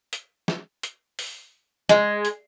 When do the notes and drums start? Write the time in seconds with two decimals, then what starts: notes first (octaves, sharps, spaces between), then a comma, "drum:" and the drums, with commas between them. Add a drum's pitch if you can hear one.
0.13 drum: hi-hat
0.48 drum: snare
0.83 drum: hi-hat
1.19 drum: open hi-hat
1.89 G#3, drum: snare
2.25 drum: hi-hat